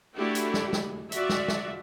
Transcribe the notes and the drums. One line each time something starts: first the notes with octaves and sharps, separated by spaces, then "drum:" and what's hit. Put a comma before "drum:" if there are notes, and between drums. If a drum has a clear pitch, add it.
A3 D4 E4 F#4 G4
drum: hi-hat
drum: snare
drum: snare
F4 F#4 D5 E5, drum: hi-hat
drum: snare
drum: snare